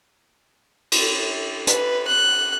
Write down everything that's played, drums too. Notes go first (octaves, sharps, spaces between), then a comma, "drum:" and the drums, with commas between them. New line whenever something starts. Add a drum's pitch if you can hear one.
drum: cymbal
B4, drum: hi-hat
F#6